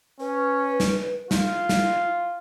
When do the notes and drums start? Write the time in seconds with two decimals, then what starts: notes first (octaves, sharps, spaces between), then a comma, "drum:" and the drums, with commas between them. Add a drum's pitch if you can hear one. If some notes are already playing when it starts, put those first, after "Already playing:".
0.20 C#4 B4
0.80 drum: snare
1.31 E4 F4, drum: snare
1.69 drum: snare